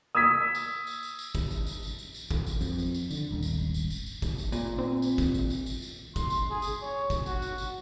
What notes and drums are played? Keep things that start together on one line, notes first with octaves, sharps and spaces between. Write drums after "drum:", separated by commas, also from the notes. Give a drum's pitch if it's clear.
D#6 E6 G#6 B6
drum: tambourine
drum: tambourine
drum: tambourine
drum: tambourine
drum: kick G1, tambourine
drum: tambourine
drum: tambourine
drum: tambourine
drum: tambourine
drum: tambourine
drum: kick G1, tambourine
drum: tambourine
F2, drum: tambourine
drum: tambourine
drum: tambourine
D3, drum: tambourine
D#1 G#1
drum: tambourine
drum: tambourine
drum: tambourine
drum: tambourine
drum: kick G1, tambourine
drum: tambourine
A#2, drum: tambourine
C4
drum: tambourine
drum: kick G1, tambourine
drum: tambourine
drum: tambourine
drum: tambourine
drum: tambourine
C6, drum: kick G1, tambourine
drum: tambourine
G#4
drum: tambourine
C#5
drum: kick G1, tambourine
F#4, drum: tambourine
drum: tambourine
drum: tambourine